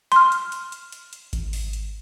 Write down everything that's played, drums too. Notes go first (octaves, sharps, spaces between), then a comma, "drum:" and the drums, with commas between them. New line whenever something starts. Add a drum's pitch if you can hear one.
C6 F6, drum: hi-hat
drum: hi-hat
drum: hi-hat
drum: hi-hat
drum: hi-hat
drum: hi-hat
drum: kick G#1, hi-hat
drum: open hi-hat
drum: hi-hat